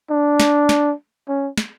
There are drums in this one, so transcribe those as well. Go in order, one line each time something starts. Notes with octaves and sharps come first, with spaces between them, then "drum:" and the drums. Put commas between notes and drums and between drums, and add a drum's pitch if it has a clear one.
D4
drum: snare
drum: snare
C#4
drum: snare